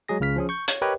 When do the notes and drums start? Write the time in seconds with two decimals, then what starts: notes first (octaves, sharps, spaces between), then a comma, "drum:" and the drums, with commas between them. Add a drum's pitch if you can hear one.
0.09 F#3 G#3 G#4 A#6
0.20 C#2 C#3 F6 B6
0.36 F3 C#4 G#4
0.49 C#6 G6
0.68 C#5, drum: hi-hat
0.82 G4 A#4 B4 C#5 D#5 G5